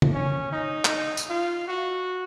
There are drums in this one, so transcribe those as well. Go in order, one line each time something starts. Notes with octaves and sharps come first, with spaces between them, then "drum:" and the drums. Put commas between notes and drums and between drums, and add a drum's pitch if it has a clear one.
drum: tom C#3
C#4
D#4
drum: clap
drum: tambourine
F4
F#4